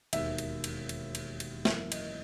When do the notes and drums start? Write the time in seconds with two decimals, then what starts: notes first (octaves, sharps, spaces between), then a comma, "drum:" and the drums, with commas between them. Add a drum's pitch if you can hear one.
0.13 E1 D#2 D#3 A#3 E5, drum: cymbal
0.38 drum: cymbal
0.64 drum: cymbal
0.89 drum: cymbal
1.15 drum: cymbal
1.40 drum: cymbal
1.65 F#2 E3 A#3 E5, drum: snare
1.92 D#5, drum: cymbal